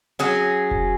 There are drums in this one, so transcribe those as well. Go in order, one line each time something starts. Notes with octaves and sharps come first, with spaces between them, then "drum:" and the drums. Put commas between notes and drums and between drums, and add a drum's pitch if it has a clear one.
F#3 C#4 G#4
drum: kick F1